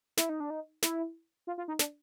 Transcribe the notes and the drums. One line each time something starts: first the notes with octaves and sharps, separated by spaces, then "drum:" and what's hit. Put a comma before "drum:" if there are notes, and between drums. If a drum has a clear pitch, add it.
E4, drum: snare
D#4
D4
D#4
E4, drum: snare
F4
F4
D#4
D4, drum: snare